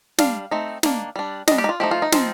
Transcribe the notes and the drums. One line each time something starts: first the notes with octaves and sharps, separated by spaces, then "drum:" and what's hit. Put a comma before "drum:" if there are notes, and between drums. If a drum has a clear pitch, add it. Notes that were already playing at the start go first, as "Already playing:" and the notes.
G3 D4 F5, drum: snare
A3 C4 D#4
D#3 A#3 D4, drum: snare
G3 D4
G3 D4 D#5, drum: snare
G4
D#4
F4
F3 A3 D#4 G4
F4
D#4
F3 C4 D#4 F4, drum: snare